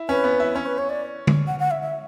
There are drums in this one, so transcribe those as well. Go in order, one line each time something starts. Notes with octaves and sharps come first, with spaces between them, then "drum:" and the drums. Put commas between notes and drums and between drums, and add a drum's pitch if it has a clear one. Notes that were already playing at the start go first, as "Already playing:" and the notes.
Already playing: E4
C#4 B4
B3
E4
C#4 C#5
B4
C#5
D5
drum: tom
F#5
F#5
E5
E5